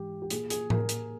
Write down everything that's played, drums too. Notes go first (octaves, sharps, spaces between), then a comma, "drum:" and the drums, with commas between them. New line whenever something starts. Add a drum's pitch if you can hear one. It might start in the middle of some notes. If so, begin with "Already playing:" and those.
Already playing: G#2 E3 G4
G4
A#2 G#4, drum: hi-hat
G#4, drum: hi-hat
A#4, drum: tom A2
drum: hi-hat